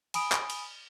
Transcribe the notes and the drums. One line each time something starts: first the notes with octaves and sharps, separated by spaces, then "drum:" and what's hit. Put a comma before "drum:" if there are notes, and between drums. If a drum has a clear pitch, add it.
G#5 B5 D#6 D7, drum: cymbal
drum: clap
drum: cymbal